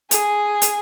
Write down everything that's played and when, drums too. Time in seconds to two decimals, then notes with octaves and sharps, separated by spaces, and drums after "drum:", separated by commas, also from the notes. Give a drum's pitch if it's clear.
0.11 G#4 G#5, drum: hi-hat
0.62 drum: hi-hat